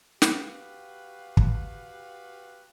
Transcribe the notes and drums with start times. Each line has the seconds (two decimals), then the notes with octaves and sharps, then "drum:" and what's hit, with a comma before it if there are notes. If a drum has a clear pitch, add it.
0.22 F#4 G4 B4 F5, drum: snare
1.37 drum: kick